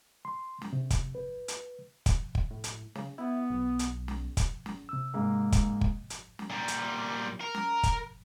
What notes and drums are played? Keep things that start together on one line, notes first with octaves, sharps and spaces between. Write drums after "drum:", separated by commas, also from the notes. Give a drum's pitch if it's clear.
C6
drum: snare
C3
drum: kick, hi-hat
B4
drum: hi-hat
drum: kick, hi-hat
drum: kick
A2
drum: hi-hat
C#3, drum: snare
B3 E4
B1
drum: hi-hat
drum: snare
drum: kick, hi-hat
drum: snare
C3 E6
G#2 G#3 A#3
drum: kick, hi-hat
drum: kick
drum: hi-hat
drum: snare
A#2 G3
drum: hi-hat
A#4
drum: snare
drum: kick, hi-hat